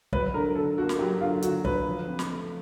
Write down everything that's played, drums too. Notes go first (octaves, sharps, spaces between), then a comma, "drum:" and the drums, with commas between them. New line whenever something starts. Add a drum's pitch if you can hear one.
F#3 B4, drum: kick
D3 A#4
D3 A4
A#3 F#4
drum: snare
F#3 G4
D3 F4
D3 F#4, drum: hi-hat
D3 B4, drum: kick
F3
C4
drum: snare
A3